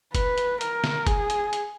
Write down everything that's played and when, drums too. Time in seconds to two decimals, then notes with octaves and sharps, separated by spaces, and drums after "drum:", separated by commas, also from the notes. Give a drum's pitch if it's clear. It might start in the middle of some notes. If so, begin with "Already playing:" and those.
0.15 B4, drum: kick F#1, hi-hat
0.38 drum: hi-hat
0.61 A#4, drum: hi-hat
0.84 drum: snare
1.07 G#4, drum: kick F#1, hi-hat
1.30 drum: hi-hat
1.53 drum: hi-hat